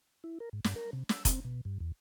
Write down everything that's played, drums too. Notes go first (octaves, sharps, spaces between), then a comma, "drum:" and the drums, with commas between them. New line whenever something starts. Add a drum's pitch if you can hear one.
E4
A#4
G#2
G2, drum: snare
A#4
C3
E6, drum: snare
C4, drum: kick F1, hi-hat
B2
G2
E2